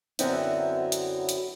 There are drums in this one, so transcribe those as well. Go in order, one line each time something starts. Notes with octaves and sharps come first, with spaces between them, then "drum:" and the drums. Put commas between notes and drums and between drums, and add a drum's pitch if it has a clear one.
F#2 D3 F#3 B3 C4 E4, drum: hi-hat
drum: hi-hat
drum: hi-hat